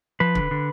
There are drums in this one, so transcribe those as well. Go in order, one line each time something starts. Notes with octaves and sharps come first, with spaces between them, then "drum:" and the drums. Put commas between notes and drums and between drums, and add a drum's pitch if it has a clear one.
F3 B4
D3, drum: kick
D3